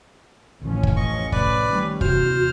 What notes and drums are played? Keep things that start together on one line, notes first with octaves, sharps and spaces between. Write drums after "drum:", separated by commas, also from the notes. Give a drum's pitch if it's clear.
A1 D2 D#3 F3 C#4
drum: kick
F1 E2 D#5 C#6
C2 A2 B4 D5, drum: kick
D#3 F3 G3 A3 C#4
D#1 E2 C3 F#4 C5 F6, drum: kick